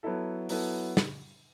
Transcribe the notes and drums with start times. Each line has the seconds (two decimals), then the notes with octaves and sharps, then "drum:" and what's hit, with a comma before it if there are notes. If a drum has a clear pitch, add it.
0.03 F#3 B3 E4 A4
0.49 F#3 B3 E4 A4, drum: open hi-hat
0.97 drum: snare